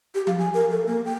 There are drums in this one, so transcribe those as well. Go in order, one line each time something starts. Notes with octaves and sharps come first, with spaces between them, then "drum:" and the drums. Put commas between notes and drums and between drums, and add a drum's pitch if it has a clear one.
G4
F5, drum: tom F3
G#5
A#4
A4
A#3
G5